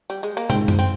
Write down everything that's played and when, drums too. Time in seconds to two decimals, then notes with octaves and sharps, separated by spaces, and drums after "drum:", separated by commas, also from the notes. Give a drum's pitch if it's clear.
0.10 G3
0.23 G#3
0.37 A#3
0.50 G#2 C4, drum: tom
0.68 drum: tom F#2
0.79 C4